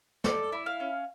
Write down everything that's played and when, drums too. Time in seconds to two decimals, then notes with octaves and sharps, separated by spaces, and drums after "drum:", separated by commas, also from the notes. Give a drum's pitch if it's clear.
0.24 A4 D5, drum: snare
0.52 E4
0.66 F5
0.80 C#4